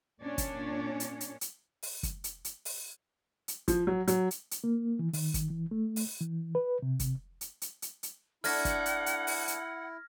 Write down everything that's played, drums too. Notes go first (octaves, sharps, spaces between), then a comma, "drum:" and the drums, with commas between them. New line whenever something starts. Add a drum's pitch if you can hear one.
A#2 C#4 D4 C#5
drum: kick, hi-hat
drum: hi-hat
drum: hi-hat
drum: hi-hat
drum: open hi-hat
drum: kick, hi-hat
drum: hi-hat
drum: hi-hat
drum: open hi-hat
drum: hi-hat
F3, drum: kick, hi-hat
F#3
F#3, drum: hi-hat
drum: hi-hat
drum: hi-hat
A#3
E3
D#3, drum: open hi-hat
drum: kick, hi-hat
E3
A3
drum: open hi-hat
E3
B4
C3
drum: kick, hi-hat
drum: hi-hat
drum: hi-hat
drum: hi-hat
drum: hi-hat
A3 D4 E4 F#5 F6 G#6 A#6, drum: open hi-hat
drum: kick, hi-hat
drum: hi-hat
drum: hi-hat
drum: open hi-hat
drum: hi-hat